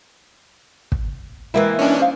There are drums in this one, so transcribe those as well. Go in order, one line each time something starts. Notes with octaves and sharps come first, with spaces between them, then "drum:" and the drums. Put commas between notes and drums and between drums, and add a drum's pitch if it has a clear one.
drum: kick
E3 G#3 A#3 E4 E5 G5
C#4 D4 D#5 G#5
D#4 C5 F5